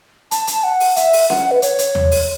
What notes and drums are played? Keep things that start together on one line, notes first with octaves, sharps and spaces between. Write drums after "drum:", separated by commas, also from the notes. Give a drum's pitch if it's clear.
A5, drum: hi-hat
drum: hi-hat
F#5
drum: open hi-hat
E5, drum: hi-hat
drum: open hi-hat
F#5, drum: snare C#4
B4
C#5, drum: hi-hat
drum: hi-hat
drum: tom D#2
drum: open hi-hat